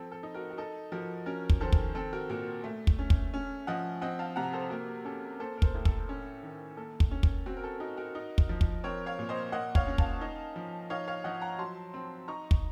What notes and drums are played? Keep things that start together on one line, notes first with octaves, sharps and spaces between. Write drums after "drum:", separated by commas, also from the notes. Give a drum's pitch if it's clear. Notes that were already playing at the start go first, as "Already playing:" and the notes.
Already playing: F3 C4 A4
A4
D#4
F#4 A#4
F#4
D#4 A4
F3 F#4 A#4
C#4 F#4 A#4
drum: kick
D#3 A4 C5
drum: kick
C4 A4
F#4 A#4
A#2 F#4 A#4
A3
drum: kick
C#4
drum: kick
C#4
F3 D#5 F#5
C4 D#5 F#5
F5 A5
C3 F#5 A#5
A4 C5
A#3 F#4 A#4
C#4 A4
A#3 A4 C5
A#4
A4 C5, drum: kick
A2
A4, drum: kick
C#4
D#3
A#3 A4
drum: kick
C#4
drum: kick
C4 F#4
A#4
A4
D#4 F#4 A#4
F#4 A#4
D#4
drum: kick
F3
drum: kick
C4 A#4 C#5
C#5 F5
A#2
C5 D#5
A#3 D#5 F#5
C#5 F5, drum: kick
C#4
F5 A5, drum: kick
D#4
F3
D#4 C#5 F5
C#5 F5
F3 D#5 F#5
F#5 A#5
F#3 A5 C6
C4
D#4 A#5 C#6
drum: kick